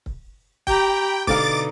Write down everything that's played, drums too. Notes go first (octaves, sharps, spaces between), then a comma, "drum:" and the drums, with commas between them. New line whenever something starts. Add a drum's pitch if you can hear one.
drum: kick C#1
G4 G5 A#5 B5, drum: kick C#1
B2 D3 D#4 F5 D6 A6, drum: kick C#1